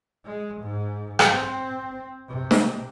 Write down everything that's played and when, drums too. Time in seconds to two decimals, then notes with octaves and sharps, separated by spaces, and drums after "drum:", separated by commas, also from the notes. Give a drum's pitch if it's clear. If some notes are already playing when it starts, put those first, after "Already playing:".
0.25 G#3
0.62 G#2
1.19 drum: rim click
1.31 C4
2.28 C3
2.51 drum: snare